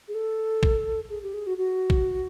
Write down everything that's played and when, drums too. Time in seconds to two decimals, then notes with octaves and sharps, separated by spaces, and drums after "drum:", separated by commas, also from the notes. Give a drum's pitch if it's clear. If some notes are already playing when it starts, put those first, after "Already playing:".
0.08 G#4
0.15 A4
0.63 drum: kick
1.10 G#4
1.23 G4
1.34 G#4
1.47 F#4
1.57 F#4
1.90 drum: kick